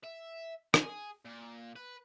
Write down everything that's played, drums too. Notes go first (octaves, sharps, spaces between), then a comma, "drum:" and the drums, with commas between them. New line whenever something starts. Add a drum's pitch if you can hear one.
E5
G#4, drum: rim click
A#2
B4